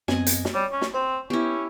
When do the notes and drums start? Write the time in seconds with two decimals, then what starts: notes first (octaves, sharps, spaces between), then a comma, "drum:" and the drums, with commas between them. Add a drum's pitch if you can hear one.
0.08 F#2 B3 C4 D#5 G#5, drum: snare
0.27 drum: hi-hat
0.45 drum: snare
0.55 G3 C#5
0.72 C#4
0.82 drum: snare
0.94 C4 C5
1.30 B3 C#4 E4 G4